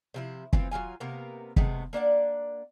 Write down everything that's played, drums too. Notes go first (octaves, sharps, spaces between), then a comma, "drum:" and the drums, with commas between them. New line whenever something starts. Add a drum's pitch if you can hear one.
C3 F3 E4
E3 C4 F4, drum: kick
F#3 C4 F4 G#5
C3 A#3 B3 A#4
C3 G#3 A3 B3, drum: kick
A#3 D4 D5 F#5